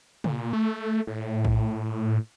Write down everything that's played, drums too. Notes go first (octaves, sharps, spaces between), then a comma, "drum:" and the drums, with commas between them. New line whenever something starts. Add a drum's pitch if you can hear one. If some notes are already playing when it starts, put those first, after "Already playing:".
A#2, drum: tom C3
A3
A2
drum: kick A#1